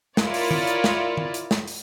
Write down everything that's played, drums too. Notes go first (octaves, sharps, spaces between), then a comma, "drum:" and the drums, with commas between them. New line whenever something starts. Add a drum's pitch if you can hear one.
E4 F4 A#4 C#5 D5, drum: snare
drum: open hi-hat
drum: tom D#3
drum: hi-hat
drum: snare
drum: tom D#3
drum: hi-hat
drum: snare
drum: open hi-hat